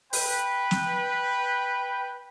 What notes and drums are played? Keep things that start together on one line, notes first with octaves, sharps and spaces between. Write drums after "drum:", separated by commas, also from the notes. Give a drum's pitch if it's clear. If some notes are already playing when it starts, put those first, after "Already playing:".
B4 G5, drum: open hi-hat
drum: snare